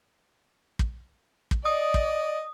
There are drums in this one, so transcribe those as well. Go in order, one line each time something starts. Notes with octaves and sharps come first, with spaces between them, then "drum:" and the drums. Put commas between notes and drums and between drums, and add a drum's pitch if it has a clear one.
drum: kick
drum: kick
D5 D#5 D#6
drum: kick